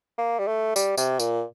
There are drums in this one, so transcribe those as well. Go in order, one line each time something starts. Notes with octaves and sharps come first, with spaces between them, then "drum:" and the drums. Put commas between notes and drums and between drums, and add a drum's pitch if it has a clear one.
A#3
G3
A3
G3, drum: tambourine
C3, drum: tambourine
A#2, drum: tambourine